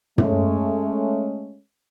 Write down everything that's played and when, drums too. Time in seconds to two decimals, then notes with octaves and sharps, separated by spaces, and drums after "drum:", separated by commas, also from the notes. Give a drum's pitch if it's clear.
0.18 G#3 A3 C#4, drum: tom